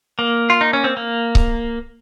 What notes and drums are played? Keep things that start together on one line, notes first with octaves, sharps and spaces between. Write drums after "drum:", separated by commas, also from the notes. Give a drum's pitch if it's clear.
A#3
F4
D#4
C#4
C4
A#3
drum: kick C#1